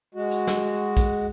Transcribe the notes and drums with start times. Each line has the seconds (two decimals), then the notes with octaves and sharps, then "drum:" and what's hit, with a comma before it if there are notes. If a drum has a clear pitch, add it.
0.15 G#3 F#4
0.31 drum: hi-hat
0.47 drum: snare
0.64 drum: hi-hat
0.97 drum: kick A#1, hi-hat